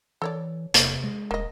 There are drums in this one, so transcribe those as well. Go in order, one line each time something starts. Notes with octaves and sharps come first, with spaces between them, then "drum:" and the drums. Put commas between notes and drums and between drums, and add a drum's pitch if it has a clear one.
E3 A4 C#5 D5
E1 C3 A#3, drum: hi-hat
G#3
D#1 A#3 D#5